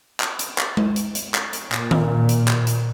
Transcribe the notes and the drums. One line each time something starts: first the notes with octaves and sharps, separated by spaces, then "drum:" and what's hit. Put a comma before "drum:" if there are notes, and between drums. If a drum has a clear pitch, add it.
drum: clap
drum: hi-hat
drum: clap
drum: tom G#3
drum: hi-hat
drum: hi-hat
drum: clap
drum: hi-hat
A#2, drum: clap
drum: tom D#3
drum: hi-hat
drum: clap
drum: hi-hat